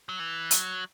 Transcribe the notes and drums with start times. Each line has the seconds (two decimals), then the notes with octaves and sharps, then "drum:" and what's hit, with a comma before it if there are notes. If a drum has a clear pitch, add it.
0.09 F#3
0.19 E3
0.51 F#3, drum: hi-hat